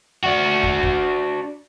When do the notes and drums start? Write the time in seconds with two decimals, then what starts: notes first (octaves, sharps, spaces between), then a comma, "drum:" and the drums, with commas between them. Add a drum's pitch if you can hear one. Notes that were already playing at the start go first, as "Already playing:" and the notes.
0.24 D4 F#4
0.63 drum: kick
0.83 drum: kick